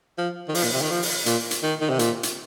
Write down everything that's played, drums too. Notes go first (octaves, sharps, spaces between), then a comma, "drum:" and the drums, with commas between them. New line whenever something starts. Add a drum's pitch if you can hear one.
F3
D#3
F3, drum: open hi-hat
A#2
C3
D#3
F3
drum: open hi-hat
A#2, drum: hi-hat
drum: hi-hat
D#3
D#3
C3
A#2, drum: hi-hat
drum: hi-hat